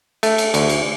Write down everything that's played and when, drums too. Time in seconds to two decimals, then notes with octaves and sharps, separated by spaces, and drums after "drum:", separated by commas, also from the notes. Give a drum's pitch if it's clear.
0.23 A3, drum: cymbal
0.38 drum: cymbal
0.54 D2, drum: cymbal
0.69 drum: cymbal